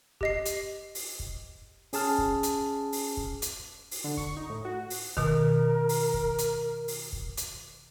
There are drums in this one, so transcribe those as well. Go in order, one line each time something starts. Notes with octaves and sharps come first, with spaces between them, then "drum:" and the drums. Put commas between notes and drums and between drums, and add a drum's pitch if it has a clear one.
G4 D#5 C7, drum: kick
drum: hi-hat
drum: open hi-hat
drum: kick
C#4 G#4 A5 F6, drum: open hi-hat
drum: kick
drum: hi-hat
drum: open hi-hat
drum: kick
drum: hi-hat
drum: open hi-hat
D3
C#6, drum: kick
D#4
A2
F#4
drum: open hi-hat
B2 D#3 A#4, drum: kick
drum: open hi-hat
drum: kick
drum: hi-hat
drum: open hi-hat
drum: kick
drum: hi-hat